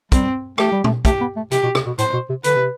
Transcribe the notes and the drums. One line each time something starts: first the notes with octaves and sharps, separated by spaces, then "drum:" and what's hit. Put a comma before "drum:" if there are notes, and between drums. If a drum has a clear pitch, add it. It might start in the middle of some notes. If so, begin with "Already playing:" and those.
G3 C4, drum: kick, hi-hat
A3 G4, drum: rim click
G3
A3, drum: tom A#2
A3 G4, drum: kick, hi-hat
B3
A3
C3 G4, drum: hi-hat
B2
C3, drum: rim click
B2
A2 C5, drum: hi-hat
B2
C3
D3 B4, drum: hi-hat
C3